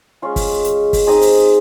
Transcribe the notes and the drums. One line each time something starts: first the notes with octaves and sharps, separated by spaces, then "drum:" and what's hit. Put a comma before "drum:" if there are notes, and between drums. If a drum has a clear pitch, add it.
G#3 C#4 F4
drum: kick, open hi-hat
drum: hi-hat
drum: kick, open hi-hat
C4 D#4 G#4 D#5
drum: open hi-hat